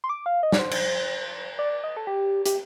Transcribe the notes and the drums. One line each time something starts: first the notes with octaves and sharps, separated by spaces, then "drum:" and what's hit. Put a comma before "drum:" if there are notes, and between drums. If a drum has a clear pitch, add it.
C6
D6
F5
D#5
D5, drum: snare
C5
drum: cymbal
D5
D#5
A4
G4
G4, drum: hi-hat